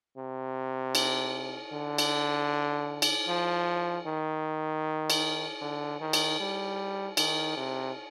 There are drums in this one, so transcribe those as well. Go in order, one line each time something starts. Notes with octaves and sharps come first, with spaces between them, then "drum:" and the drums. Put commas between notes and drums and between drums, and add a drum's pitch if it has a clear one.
C3
drum: cymbal
D3
drum: cymbal
drum: cymbal
F3
D#3
drum: cymbal
D3
D#3
drum: cymbal
G3
D#3, drum: cymbal
C3